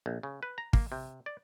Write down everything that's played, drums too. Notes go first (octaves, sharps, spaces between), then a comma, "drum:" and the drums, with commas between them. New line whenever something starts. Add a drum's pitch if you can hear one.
A#1
C#3
B4
A#5
A#3, drum: kick
C3
D5